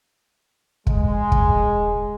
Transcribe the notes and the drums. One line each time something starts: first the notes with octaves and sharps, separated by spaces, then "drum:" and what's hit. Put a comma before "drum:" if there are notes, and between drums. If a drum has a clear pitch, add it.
G#3, drum: kick
drum: kick